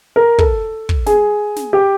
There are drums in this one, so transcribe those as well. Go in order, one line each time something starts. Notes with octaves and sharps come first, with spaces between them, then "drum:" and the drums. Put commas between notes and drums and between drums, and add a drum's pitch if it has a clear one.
A#4
A4, drum: kick
drum: kick
G#4, drum: snare
drum: snare
G4